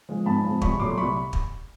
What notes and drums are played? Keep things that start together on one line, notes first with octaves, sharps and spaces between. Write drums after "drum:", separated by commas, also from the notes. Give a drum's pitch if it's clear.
F3 G#3
G#2 A5 B5
F3 G#3
C2 B5 C#6, drum: kick
A#2 F#3 A3 C6 D6
C2 B5 C#6
drum: kick